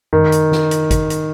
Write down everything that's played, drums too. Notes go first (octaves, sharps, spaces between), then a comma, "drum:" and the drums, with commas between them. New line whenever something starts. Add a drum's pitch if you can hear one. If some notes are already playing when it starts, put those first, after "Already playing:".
D#3, drum: tom F#2
drum: hi-hat
drum: snare
drum: hi-hat
drum: kick, hi-hat
drum: hi-hat